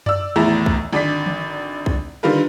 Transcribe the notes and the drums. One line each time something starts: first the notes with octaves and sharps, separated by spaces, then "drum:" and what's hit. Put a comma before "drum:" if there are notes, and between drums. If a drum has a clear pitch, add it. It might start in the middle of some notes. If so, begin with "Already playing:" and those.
D5 E6, drum: tom F#2
G#1 E2 A2 E4 A#5
drum: kick
G#1 D3 D5 B6
drum: tom E3
drum: kick
D3 D#3 G3 F4 A#4 B4